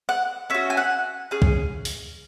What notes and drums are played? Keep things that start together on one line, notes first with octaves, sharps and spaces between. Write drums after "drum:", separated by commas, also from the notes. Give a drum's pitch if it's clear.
F#5
C#4 F#4 E5
G#5
F#5
C#4 G#4
drum: kick
drum: open hi-hat